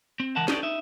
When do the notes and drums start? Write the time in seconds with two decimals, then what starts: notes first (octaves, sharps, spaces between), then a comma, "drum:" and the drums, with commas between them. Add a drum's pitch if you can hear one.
0.20 C4
0.36 C#2 E3 A#4 F#5 A5
0.48 C#4 D#4 G4 A4 D5, drum: snare
0.63 D#4 E5